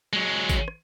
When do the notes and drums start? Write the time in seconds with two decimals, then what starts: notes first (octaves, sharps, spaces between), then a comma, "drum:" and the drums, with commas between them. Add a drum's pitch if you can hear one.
0.13 F#3 G#3
0.50 drum: kick G#1, tambourine
0.68 drum: rim click